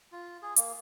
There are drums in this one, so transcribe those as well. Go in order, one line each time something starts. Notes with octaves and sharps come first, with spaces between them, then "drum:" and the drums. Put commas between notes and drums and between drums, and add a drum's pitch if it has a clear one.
F4
G#4
A#3, drum: hi-hat